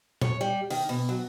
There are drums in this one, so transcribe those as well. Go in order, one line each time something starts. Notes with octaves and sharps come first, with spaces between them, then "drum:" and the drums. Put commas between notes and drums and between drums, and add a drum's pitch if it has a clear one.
C#5, drum: tom A#2
G3
D#3, drum: open hi-hat
B2
F#3